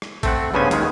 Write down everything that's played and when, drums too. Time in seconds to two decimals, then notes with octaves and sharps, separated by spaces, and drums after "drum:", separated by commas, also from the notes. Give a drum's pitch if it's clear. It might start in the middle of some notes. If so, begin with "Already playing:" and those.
0.02 drum: rim click
0.23 A3 C4 F#5, drum: kick A1, hi-hat
0.54 G2 C#3 B3 C#4 C5 G#5
0.71 D#2 D#3 G#3, drum: hi-hat